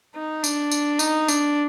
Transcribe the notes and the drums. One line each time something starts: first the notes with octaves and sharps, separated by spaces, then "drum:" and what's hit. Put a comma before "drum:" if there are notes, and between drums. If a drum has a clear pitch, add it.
D#4
D4, drum: tambourine
drum: tambourine
D#4, drum: tambourine
D4, drum: tambourine